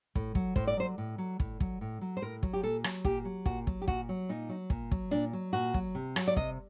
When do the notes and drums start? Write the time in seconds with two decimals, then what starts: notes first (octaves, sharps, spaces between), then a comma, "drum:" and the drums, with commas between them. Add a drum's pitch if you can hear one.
0.15 A2, drum: kick
0.35 F#3, drum: kick
0.56 A2 C5, drum: kick
0.67 D5
0.77 F#3 C5
0.98 A2
1.18 F#3
1.40 A2, drum: kick
1.60 F#3, drum: kick
1.81 A2
2.01 F#3
2.17 C5
2.22 A2 A#4
2.43 F#3, drum: kick
2.53 G4
2.63 A#2 A4
2.84 F#3, drum: rim click
3.04 A#2 G4, drum: kick
3.25 F#3
3.45 A#2 F#4, drum: kick
3.67 F#3, drum: kick
3.81 G4
3.87 A#2 F#4, drum: kick
4.09 F#3
4.29 A#2 D#4
4.49 F#3
4.70 A#2, drum: kick
4.91 F#3, drum: kick
5.11 A#2 D4
5.33 F#3
5.53 A#2 F#4
5.74 F#3, drum: kick
5.95 C3
6.16 F#3, drum: rim click
6.28 D5
6.36 C3 D#5, drum: kick